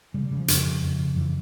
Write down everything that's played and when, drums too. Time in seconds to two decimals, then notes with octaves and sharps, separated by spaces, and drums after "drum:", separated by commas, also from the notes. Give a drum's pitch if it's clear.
0.14 C#3 G3
0.26 G3
0.31 C#3
0.37 F3
0.48 F2, drum: hi-hat
0.66 C#3
0.82 F2
1.00 C#3
1.16 F2 E3